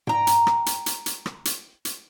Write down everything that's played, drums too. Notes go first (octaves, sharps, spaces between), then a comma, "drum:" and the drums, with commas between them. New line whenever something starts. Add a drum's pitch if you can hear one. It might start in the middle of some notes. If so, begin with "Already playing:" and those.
G5 A#5, drum: tom G#2
drum: hi-hat
drum: rim click
drum: hi-hat
drum: hi-hat
drum: hi-hat
drum: rim click
drum: hi-hat
drum: hi-hat